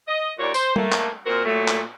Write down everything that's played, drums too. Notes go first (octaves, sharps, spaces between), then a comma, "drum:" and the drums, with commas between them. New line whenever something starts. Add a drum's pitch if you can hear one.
D#5
D#2 A#2 F#4 C#5 D5
C5, drum: tambourine
A3 A#3, drum: tom G3
drum: clap
A#2 C4 F#4 A#4
A#2 F#3 A3
drum: clap